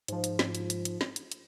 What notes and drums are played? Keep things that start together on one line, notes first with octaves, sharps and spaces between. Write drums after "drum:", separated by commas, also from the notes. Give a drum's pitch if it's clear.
G#2 F3, drum: hi-hat
drum: hi-hat
drum: snare
drum: hi-hat
drum: hi-hat
drum: hi-hat
drum: snare
drum: hi-hat
drum: hi-hat